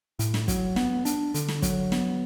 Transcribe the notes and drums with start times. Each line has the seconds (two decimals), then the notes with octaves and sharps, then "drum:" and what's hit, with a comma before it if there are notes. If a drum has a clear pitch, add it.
0.19 A2, drum: hi-hat
0.34 drum: snare
0.48 F#3, drum: kick, hi-hat
0.76 B3, drum: snare
1.05 D4, drum: hi-hat
1.34 D3, drum: hi-hat
1.48 drum: snare
1.62 F#3, drum: kick, hi-hat
1.92 B3, drum: snare